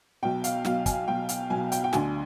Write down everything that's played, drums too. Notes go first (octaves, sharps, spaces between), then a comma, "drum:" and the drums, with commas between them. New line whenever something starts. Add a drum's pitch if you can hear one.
B1 B2 G5
F5, drum: hi-hat
B1 B2 F5, drum: snare
G#5, drum: kick, hi-hat
B1 B2 G5
F5, drum: hi-hat
B1 B2 G#5
G5, drum: hi-hat
G5
D2 D3 G#5, drum: snare